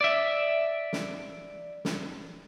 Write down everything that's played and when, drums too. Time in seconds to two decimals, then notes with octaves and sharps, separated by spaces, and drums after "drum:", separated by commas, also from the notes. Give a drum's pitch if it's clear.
0.01 D5 E5
0.93 drum: snare
1.85 drum: snare